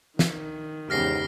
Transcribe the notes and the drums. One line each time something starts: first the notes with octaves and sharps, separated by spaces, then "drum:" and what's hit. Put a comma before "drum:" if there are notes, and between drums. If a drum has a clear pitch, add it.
D#3, drum: snare
E2 G#2 C#3 G4 F6 A#6 C7